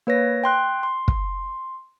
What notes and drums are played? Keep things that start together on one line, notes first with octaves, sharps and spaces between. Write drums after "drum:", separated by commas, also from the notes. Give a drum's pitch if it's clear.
A#3 B4 C#5 A#6
G5 C6 F#6
C6
drum: kick